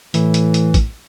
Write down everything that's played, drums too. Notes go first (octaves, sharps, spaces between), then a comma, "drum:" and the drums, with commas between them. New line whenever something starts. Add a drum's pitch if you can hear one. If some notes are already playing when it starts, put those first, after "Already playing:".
A2 E3, drum: hi-hat
drum: hi-hat
drum: hi-hat
drum: kick A1, hi-hat